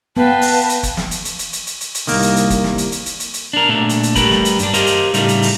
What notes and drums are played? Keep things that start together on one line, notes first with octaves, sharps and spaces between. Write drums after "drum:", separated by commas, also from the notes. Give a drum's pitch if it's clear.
B3 B4 F5 G5 A5
drum: open hi-hat
drum: hi-hat
drum: kick, hi-hat
drum: snare
drum: hi-hat
drum: hi-hat
drum: hi-hat
drum: hi-hat
drum: hi-hat
drum: hi-hat
drum: hi-hat
C2 D#3 A#3, drum: open hi-hat
drum: hi-hat
drum: hi-hat
drum: kick, hi-hat
drum: snare
drum: hi-hat
drum: hi-hat
drum: hi-hat
drum: hi-hat
drum: hi-hat
D4 A#4
A#2 A3 D4
drum: hi-hat
drum: hi-hat
G3 A3 A#4 B4, drum: kick, hi-hat
drum: snare
drum: hi-hat
G2 D4, drum: hi-hat
G4 A#4 C5 D#5 F5, drum: hi-hat
drum: hi-hat
A2 C#3 G3 A3 D#4 F4, drum: hi-hat
drum: hi-hat
drum: open hi-hat